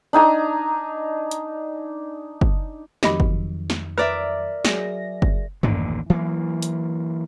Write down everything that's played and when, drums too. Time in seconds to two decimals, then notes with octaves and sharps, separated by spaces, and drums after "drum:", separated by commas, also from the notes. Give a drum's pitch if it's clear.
0.13 D4 D#4 G#5 A#5
1.31 drum: hi-hat
2.41 drum: kick F#1
3.03 F2 D#3 F#3 G4 D#5 B5, drum: snare
3.20 drum: kick F#1
3.70 drum: snare
3.98 A#4 B4 D5 E5
4.65 F#3 G#4 A#6, drum: snare
5.22 drum: kick F#1
5.63 A1 D#2 A#2 D3, drum: tom F#2
6.10 E3 F#3 A3 A#3
6.62 drum: hi-hat